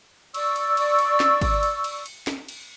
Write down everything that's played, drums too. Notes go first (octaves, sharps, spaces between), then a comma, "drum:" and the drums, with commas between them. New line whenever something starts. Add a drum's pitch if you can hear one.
D5 C#6 E6, drum: cymbal
drum: cymbal
drum: cymbal
drum: cymbal
drum: snare
drum: kick G#1, cymbal
drum: cymbal
drum: cymbal
drum: cymbal
drum: snare
drum: cymbal